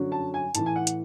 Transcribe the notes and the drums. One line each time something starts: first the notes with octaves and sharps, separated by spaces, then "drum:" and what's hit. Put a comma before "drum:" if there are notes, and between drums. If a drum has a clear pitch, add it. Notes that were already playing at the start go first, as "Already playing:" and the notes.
Already playing: F#2 D3 F#3
A5
G#5
A2 E3 A5, drum: hi-hat
G#5
F#5
drum: hi-hat